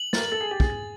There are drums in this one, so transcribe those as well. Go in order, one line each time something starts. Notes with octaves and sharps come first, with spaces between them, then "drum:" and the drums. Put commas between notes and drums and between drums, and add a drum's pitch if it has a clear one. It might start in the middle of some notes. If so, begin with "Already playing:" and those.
Already playing: F#7
A#4 A6, drum: snare
A4 A6
G#4
G4 F#7
G#4, drum: kick
A6